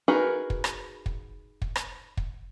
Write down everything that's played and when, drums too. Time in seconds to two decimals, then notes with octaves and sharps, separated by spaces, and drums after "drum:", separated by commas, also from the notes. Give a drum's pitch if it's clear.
0.08 D#4 F#4 G#4 A#4 B4
0.50 drum: kick
0.64 drum: rim click
1.06 drum: kick
1.62 drum: kick
1.76 drum: rim click
2.17 drum: kick